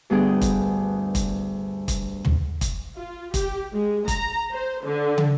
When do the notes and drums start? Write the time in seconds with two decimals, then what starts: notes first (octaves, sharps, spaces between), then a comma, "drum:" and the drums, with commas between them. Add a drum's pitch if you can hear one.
0.10 D2 G2 B3 D4 G#4 G5
0.41 drum: kick, hi-hat
1.15 drum: kick, hi-hat
1.88 drum: kick, hi-hat
2.25 drum: tom
2.61 drum: kick, hi-hat
2.97 F4
3.34 G4, drum: kick, hi-hat
3.73 G#3
4.08 A#5, drum: kick, hi-hat
4.53 C5
4.85 D3
5.18 drum: tom